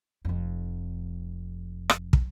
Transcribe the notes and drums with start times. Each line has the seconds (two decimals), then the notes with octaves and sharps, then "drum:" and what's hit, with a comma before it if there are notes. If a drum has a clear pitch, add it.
0.25 F1 F2
1.89 drum: rim click
2.13 drum: kick